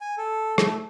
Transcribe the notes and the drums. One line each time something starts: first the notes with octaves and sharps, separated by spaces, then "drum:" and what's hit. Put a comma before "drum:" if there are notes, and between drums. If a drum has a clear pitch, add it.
G#5
A4
A3, drum: rim click